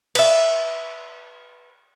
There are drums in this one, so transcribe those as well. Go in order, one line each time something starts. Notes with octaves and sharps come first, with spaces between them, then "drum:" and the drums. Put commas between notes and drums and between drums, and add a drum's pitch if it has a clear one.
B4 E5, drum: cymbal